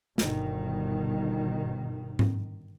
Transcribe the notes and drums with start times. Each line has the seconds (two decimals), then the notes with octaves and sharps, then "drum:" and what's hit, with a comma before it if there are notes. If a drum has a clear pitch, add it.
0.18 G1 B2 D#3, drum: snare
2.19 drum: tom G#2